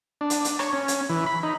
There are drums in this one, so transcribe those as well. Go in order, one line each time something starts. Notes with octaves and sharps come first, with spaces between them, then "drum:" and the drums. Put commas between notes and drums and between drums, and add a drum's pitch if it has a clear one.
D4
drum: hi-hat
drum: hi-hat
C#5, drum: rim click
C#4
drum: hi-hat
E3
B5
D#4